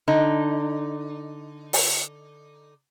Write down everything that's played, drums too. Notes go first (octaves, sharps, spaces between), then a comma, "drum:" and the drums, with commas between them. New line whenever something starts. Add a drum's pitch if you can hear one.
D3 D#4
drum: open hi-hat